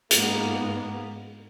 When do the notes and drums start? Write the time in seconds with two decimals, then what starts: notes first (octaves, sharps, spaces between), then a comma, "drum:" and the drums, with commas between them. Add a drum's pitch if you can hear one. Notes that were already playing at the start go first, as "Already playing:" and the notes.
0.11 G#2 A#3 B3, drum: hi-hat